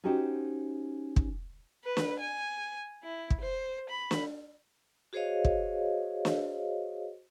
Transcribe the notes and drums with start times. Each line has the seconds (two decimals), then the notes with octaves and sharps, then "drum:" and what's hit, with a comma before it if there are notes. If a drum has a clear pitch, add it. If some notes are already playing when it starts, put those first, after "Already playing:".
0.04 C#4 D#4 F#4 G4 C5 D#5
1.16 drum: kick
1.84 B4
1.97 drum: snare
2.19 G#5
3.04 E4
3.30 drum: kick
3.41 C5
3.90 B5
4.11 drum: snare
5.13 F#4 G#4 C5 C#5 D#5 F5
5.45 drum: kick
6.25 drum: snare